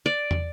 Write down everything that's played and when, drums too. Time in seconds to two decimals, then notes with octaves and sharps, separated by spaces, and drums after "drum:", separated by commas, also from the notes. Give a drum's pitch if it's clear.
0.06 D5
0.31 drum: tom